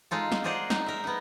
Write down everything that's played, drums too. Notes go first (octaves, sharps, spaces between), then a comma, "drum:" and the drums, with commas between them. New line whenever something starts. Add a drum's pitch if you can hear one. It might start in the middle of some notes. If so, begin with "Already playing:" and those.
G#3 D#4 F4 A4
drum: snare
G#4 A#4 C5 D5 D#5 F#5
D#4, drum: snare
A#4 E5
B3 D#4